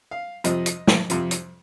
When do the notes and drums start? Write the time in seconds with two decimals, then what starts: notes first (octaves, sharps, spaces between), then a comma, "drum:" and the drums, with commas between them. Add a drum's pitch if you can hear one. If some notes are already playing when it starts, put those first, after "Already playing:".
0.11 F5
0.44 F2 C3 F3 D#5, drum: hi-hat
0.66 drum: hi-hat
0.87 drum: snare
1.10 F2 C3 F3, drum: hi-hat
1.31 drum: hi-hat